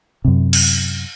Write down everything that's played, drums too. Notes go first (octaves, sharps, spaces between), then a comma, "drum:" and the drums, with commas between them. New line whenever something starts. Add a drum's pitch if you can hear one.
F#2 C3
drum: cymbal